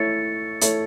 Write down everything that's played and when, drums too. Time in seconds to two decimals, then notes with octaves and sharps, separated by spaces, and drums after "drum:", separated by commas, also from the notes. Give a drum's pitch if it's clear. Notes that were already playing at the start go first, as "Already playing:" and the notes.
Already playing: A3 E4 A4 C#5 A6 C#7
0.61 A3 E4 A4 C#5, drum: hi-hat